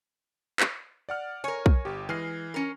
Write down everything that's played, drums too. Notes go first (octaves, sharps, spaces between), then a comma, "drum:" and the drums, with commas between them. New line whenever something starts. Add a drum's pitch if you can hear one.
drum: clap
D5 F#5 F6
A#4 C#5 G#5
drum: kick
G1 G4
E3 G#3 F6 C7
C#4 A#4